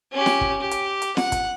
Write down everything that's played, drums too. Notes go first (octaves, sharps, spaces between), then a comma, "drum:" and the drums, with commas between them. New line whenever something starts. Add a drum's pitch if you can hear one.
C#4 G4
drum: snare
drum: kick
G4
drum: hi-hat
drum: hi-hat
F#5, drum: snare
drum: kick, hi-hat